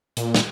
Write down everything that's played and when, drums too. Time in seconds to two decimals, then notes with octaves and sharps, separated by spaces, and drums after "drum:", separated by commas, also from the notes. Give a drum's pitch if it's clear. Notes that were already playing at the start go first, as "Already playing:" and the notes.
0.17 A#2, drum: hi-hat
0.35 drum: snare